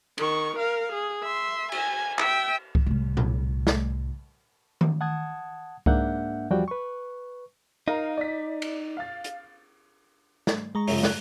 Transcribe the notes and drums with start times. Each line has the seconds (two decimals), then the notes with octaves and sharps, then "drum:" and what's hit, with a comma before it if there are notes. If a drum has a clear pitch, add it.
0.18 D#3 C#6, drum: cymbal
0.57 A#4 F5
0.92 G#4
1.23 E5 C6
1.72 G#5, drum: cymbal
2.18 E5 G5, drum: clap
2.75 drum: kick C2
2.86 C2 A2
3.17 drum: tom A#2
3.67 drum: snare
4.81 drum: tom D#3
5.01 F#5 A5 D#6 G#6
5.86 G#2 A#3 D4 E5 F#5 G6, drum: kick C2
6.50 E2 F3 G3 F#4 D5 G5
6.68 B4 C#6
7.88 D#4 A#4 F5
8.17 D5 B6
8.62 drum: cymbal
8.97 F5 A6
9.24 drum: hi-hat
10.47 drum: snare
10.75 G#3 A#5 C#6
10.88 F#2 C#3 F3, drum: open hi-hat
11.03 F#6, drum: snare